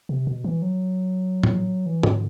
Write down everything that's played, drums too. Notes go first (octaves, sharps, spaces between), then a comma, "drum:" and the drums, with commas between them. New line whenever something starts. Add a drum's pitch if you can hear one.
C3
B2
E3
F#3
drum: tom A2
E3
D3, drum: tom G#2